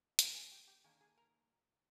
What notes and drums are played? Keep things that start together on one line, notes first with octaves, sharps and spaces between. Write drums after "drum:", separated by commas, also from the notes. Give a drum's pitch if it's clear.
D#3 A#3 D4 F4 F5, drum: hi-hat
G#4 G#5
G4 G5
G4 G5
D#3 A#3 D4 G#4 G#5
G#4 G#5
A#4 A#5